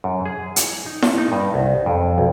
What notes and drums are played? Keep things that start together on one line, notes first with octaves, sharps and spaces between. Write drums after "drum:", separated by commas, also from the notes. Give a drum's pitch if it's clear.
F#2
G#4
drum: hi-hat
D#4
drum: snare E4
D#4
G2
C2
F2
B1